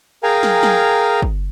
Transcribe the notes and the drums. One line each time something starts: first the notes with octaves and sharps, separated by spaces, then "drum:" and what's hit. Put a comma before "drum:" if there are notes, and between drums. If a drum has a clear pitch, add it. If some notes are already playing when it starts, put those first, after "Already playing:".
G#4 A#4 F5 G5 G#5 A#5
drum: snare
drum: snare
drum: kick